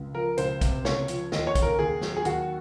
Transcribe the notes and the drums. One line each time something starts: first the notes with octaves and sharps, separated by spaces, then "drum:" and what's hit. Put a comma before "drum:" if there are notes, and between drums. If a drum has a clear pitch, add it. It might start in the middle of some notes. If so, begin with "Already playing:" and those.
Already playing: C#2
F3 A#4
C#2 C5, drum: hi-hat
C3, drum: kick B1, hi-hat
C#2 C#5, drum: snare
F3, drum: hi-hat
D#2 D#5, drum: snare
C#5
C#3, drum: kick B1, hi-hat
A#4
D#2 G#4
F#3, drum: snare
G#4
D#2 F#4, drum: hi-hat